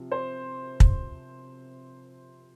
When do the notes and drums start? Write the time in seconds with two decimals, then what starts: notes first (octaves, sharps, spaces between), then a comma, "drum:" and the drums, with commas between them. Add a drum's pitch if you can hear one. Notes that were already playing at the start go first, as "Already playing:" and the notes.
Already playing: C3 F3
0.11 C5
0.80 drum: kick